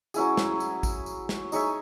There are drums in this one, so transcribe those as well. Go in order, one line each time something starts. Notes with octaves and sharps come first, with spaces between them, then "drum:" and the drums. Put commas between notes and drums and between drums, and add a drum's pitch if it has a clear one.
F#3 C#4 E4 G#4, drum: tambourine
drum: snare
drum: tambourine
drum: kick A1, tambourine
drum: tambourine
drum: snare
D#4 G#4 C#5 E5, drum: tambourine